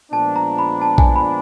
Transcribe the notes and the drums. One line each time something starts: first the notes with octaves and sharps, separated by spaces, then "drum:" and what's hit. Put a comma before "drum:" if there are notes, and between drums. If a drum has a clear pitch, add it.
A#2 F3 G#3 B3 D4 A5
A#5
B5
A5
G#5, drum: kick A#1
B5